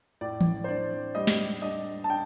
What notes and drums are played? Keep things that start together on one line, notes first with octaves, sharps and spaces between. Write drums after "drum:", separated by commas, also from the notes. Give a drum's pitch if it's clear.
A2 D5
drum: tom
C5
D4 D5
G3 D#5
drum: snare
D4 D#5
A5
D4 G5